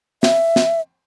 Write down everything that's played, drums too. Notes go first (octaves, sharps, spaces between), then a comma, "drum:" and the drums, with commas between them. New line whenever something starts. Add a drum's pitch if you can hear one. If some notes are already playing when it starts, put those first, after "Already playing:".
E5, drum: snare
drum: snare